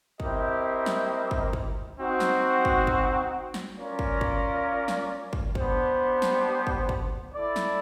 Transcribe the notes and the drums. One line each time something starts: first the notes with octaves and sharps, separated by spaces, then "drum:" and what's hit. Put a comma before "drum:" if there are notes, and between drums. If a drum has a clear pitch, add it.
C4 E4 G4 A#4 D#5, drum: kick
drum: snare
drum: kick
drum: kick
C4 D#4 F#4
drum: snare
drum: kick
drum: kick
drum: snare
C#4 F4 A#4 D5 F5
drum: kick
drum: kick
drum: snare
drum: kick
B3 D4 G4 C5, drum: kick
drum: snare
drum: kick
drum: kick
E4 A4 D5
drum: snare